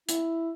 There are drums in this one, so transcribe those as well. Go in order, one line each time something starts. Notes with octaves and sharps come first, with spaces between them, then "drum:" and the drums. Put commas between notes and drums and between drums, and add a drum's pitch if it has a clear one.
E4, drum: hi-hat